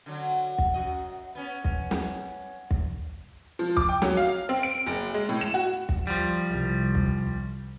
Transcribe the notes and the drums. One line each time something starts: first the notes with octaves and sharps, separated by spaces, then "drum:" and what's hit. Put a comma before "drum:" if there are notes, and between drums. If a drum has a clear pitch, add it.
D3 F#3
drum: kick
F#2 F#4 D#5
B3 C#4
drum: kick
drum: snare
drum: kick
F3
D6, drum: kick
G5
F#3, drum: snare
F5
C4
D7
F#1
G#3
A2
E7
F#4
drum: kick
F3 G3
C2
drum: kick